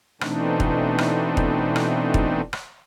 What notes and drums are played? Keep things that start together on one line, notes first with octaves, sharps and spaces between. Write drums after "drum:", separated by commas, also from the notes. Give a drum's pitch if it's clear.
B2 E3 A3 C4 D4 D#4, drum: rim click
drum: kick
drum: rim click
drum: kick
drum: rim click
drum: kick
drum: rim click